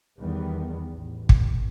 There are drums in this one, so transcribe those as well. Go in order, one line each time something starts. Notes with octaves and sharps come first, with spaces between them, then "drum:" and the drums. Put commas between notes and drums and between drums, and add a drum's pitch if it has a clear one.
E2 D#3 G3 B3
A1
drum: kick